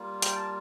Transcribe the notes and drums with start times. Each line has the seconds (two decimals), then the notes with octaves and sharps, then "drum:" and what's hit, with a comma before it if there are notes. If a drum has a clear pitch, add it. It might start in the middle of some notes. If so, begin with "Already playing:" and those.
Already playing: G3 A#3 F4
0.22 G5, drum: hi-hat
0.36 A5